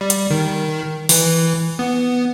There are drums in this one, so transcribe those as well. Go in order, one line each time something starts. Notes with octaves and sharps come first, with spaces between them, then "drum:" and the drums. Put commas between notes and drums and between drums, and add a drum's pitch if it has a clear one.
G3
drum: hi-hat
D#3
E3, drum: open hi-hat
B3